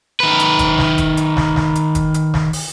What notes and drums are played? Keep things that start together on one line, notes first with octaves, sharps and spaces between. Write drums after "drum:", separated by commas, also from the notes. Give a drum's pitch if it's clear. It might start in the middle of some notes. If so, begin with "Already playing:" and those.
D#3 B4
drum: hi-hat
drum: kick, hi-hat
drum: snare
drum: kick, hi-hat
drum: hi-hat
drum: snare
drum: snare
drum: hi-hat
drum: kick, hi-hat
drum: hi-hat
drum: snare
drum: open hi-hat